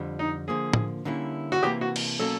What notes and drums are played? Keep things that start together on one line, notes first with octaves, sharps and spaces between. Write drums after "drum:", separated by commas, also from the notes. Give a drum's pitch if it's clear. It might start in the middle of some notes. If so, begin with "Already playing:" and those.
Already playing: F2 D3 G3
D#4
D3 F3 A#3 G#4
drum: tom
D3 G3 A#3 C#4 E4
F#4
C3 E3 G3 A#3 G4
F#4
drum: cymbal
B2 F#3 A#3 C#4 A4